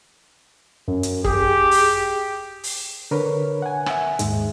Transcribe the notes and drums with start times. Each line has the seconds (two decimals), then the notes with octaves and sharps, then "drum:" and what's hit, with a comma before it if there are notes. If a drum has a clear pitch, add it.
0.88 F#2
1.03 drum: hi-hat
1.24 G4 G#4, drum: kick G#1
1.71 drum: open hi-hat
2.64 drum: open hi-hat
3.11 D3 A#4 B4 C#5
3.62 F#5 G#5
3.86 E5 F#5 G#5, drum: rim click
4.19 D#2 G#2 G#3, drum: hi-hat